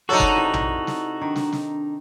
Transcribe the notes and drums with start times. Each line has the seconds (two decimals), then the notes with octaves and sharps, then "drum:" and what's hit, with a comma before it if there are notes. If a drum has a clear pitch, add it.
0.09 C#3 F#3 D4 D#4 F#4 A4
0.20 drum: kick F#1
0.36 C3 E4
0.54 drum: tom A#1
0.87 drum: snare
1.21 D#3 D4
1.36 drum: snare
1.53 drum: snare